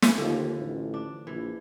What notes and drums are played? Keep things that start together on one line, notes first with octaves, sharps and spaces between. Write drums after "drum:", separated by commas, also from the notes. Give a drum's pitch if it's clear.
drum: snare
D#2 D3 F3
A1
D4
A#1 E3